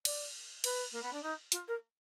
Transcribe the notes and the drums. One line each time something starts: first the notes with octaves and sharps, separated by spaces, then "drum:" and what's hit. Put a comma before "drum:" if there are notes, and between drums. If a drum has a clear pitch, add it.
D5, drum: cymbal
B4, drum: cymbal
A#3
B3
D4
D#4
F4, drum: hi-hat
A#4